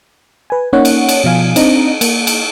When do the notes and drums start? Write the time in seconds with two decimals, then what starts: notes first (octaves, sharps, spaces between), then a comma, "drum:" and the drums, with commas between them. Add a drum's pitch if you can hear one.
0.50 B4 G#5
0.73 A#3 C#4 D#4 C#5 F#5
0.85 drum: cymbal
1.09 drum: cymbal
1.24 B2 F3 F5 G#5
1.56 C4 D4 D#4 D#5 A#5, drum: cymbal
2.01 A#3, drum: cymbal
2.27 drum: cymbal